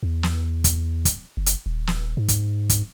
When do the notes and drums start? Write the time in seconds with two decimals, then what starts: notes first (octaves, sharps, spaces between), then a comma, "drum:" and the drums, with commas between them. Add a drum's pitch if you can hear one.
0.03 E2
0.23 drum: snare
0.64 drum: kick, hi-hat
1.05 drum: kick, hi-hat
1.37 F#1
1.46 drum: hi-hat
1.66 D#1
1.87 drum: snare
2.17 G#2
2.28 drum: kick, hi-hat
2.69 drum: kick, hi-hat